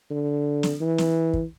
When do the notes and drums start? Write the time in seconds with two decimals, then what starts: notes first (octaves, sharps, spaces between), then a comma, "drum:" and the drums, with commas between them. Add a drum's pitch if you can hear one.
0.11 D3
0.63 drum: snare
0.81 E3
0.98 drum: snare
1.33 drum: kick